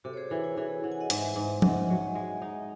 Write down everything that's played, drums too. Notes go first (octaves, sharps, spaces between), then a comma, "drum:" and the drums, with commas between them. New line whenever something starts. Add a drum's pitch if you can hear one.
C3 F#4 A4
C#5
G#4 C5
E3 E4 G#4
E4
E3 E4 G#4
E3 F#5
G#5
D#5 F#5
G#2 E5 G#5, drum: hi-hat
G#2
G#2 D#5 F#5, drum: tom F3
F#3
G#3
D#4